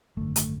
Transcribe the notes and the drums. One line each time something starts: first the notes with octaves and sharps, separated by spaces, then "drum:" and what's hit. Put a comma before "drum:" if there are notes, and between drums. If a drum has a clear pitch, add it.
G#1 F#2 D3 A3
A3, drum: hi-hat